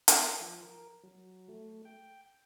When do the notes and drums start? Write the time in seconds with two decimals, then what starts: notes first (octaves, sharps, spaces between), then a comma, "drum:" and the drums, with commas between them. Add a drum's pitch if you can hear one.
0.08 D#5, drum: hi-hat
0.41 F3
0.63 A#4
1.03 F#3
1.49 A3
1.85 G5